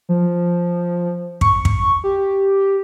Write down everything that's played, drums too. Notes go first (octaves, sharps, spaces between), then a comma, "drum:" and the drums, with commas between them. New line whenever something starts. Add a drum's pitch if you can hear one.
F3
C#6, drum: kick
drum: kick
G4